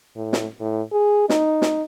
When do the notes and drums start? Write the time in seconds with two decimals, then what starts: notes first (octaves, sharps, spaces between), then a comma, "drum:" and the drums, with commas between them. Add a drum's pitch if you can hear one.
0.16 A2
0.33 drum: snare
0.60 A2
0.93 G#4
1.29 D#4, drum: snare
1.62 drum: snare